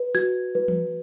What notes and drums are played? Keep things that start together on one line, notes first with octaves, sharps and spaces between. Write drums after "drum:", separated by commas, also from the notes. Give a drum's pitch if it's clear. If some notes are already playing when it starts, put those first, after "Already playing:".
Already playing: B4
F#4 G#6, drum: hi-hat
B4
drum: tom E3